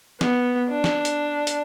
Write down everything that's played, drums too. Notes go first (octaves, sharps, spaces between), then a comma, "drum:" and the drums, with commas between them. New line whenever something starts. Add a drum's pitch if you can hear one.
B3, drum: snare
D4
drum: snare
drum: hi-hat
drum: hi-hat